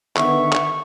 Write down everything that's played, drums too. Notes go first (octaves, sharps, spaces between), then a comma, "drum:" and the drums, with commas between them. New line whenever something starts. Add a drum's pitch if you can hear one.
D3 D#3 B3 E5 C#6, drum: clap
drum: clap